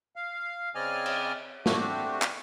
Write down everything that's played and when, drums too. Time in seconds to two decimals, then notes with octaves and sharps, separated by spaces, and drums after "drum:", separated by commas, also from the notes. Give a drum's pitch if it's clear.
0.16 F5
0.75 C#3 C4 D5 D#5 G#5 F6
1.06 drum: cymbal
1.66 A3 C4 D4 F#4 G4, drum: snare
2.22 drum: clap